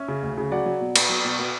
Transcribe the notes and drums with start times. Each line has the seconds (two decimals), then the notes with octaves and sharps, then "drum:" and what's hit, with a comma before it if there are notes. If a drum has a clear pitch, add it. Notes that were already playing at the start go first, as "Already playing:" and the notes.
Already playing: C#4 C#5 E5
0.08 C#3
0.23 D2
0.38 C#3
0.51 F#3 D5 F#5
0.66 F#3
0.81 B2
0.96 B3, drum: cymbal
1.09 F#3
1.25 B2
1.39 B3